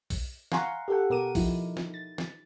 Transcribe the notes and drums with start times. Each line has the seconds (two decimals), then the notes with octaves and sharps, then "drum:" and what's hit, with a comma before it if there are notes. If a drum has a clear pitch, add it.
0.10 drum: kick, open hi-hat
0.52 F5 F#5 G#5 A#5 C6 C#6, drum: snare
0.88 G4 A4 F#5
1.10 B2 A#4 D6 D#7
1.35 F3 D#4 E4, drum: kick, open hi-hat
1.77 drum: snare
1.94 A6
2.18 drum: snare